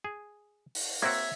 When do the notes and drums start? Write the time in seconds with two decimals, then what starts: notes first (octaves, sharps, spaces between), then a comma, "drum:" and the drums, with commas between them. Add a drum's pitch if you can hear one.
0.04 G#4
0.75 drum: open hi-hat
1.02 A#3 C4 F#4 E5 G#6